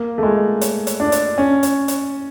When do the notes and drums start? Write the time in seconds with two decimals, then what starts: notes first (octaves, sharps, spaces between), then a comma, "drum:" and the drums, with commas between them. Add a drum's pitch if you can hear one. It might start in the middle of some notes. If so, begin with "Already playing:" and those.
Already playing: A#3
0.18 A3
0.23 G#3
0.61 drum: hi-hat
0.87 drum: hi-hat
1.00 D4
1.12 drum: hi-hat
1.38 C#4
1.63 drum: hi-hat
1.88 drum: hi-hat